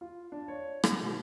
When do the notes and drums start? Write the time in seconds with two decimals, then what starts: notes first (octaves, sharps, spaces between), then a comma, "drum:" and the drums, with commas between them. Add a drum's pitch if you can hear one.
0.01 F4
0.32 D4
0.48 C#5
0.84 drum: rim click
1.03 B2